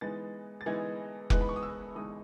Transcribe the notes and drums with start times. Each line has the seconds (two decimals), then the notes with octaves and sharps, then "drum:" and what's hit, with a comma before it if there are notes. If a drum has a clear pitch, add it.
0.01 E3 G#3 B3 D#4 A6
0.61 A6
0.66 E3 G#3 B3 D#4 G#6
1.30 E3 G#3 B3 D#4 F#6, drum: kick F1
1.41 B5
1.49 C#6
1.56 D#6
1.63 E6
1.95 E3 G#3 B3 D#4 D#6